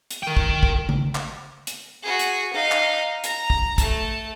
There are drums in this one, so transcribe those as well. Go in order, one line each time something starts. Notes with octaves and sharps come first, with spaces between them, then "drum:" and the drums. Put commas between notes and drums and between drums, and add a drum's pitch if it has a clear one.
drum: hi-hat
A#4 G5
drum: kick
drum: kick
drum: tom C#3
drum: clap
drum: hi-hat
F#4 G#4
drum: hi-hat
D#4 F5
drum: clap
A#5, drum: hi-hat
drum: kick
A3 A5, drum: kick, hi-hat